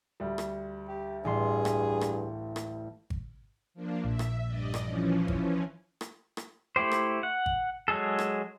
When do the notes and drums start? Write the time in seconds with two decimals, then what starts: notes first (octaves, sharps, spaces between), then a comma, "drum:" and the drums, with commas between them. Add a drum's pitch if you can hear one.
0.20 D2 G3
0.38 drum: rim click
0.88 G4
1.25 A1 G2 G#4 C6
1.65 drum: rim click
2.01 drum: rim click
2.56 drum: rim click
3.10 drum: kick G#1
3.74 F3 A#3 D4
4.05 A#1 E5
4.19 drum: rim click
4.47 G2 D5 D#5
4.74 drum: rim click
4.84 E3 F3 C#4
5.28 drum: kick G#1
6.01 drum: rim click
6.37 drum: rim click
6.76 A3 E4 G4 C5
6.92 drum: rim click
7.23 F#5
7.46 drum: kick G#1
7.88 F#3 G#3 G#4 A4
8.19 drum: rim click